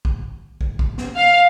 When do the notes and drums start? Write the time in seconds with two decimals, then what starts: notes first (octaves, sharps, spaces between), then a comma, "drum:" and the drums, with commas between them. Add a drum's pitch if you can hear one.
0.05 drum: kick
0.61 drum: kick
0.79 drum: kick
0.98 drum: snare
1.16 F5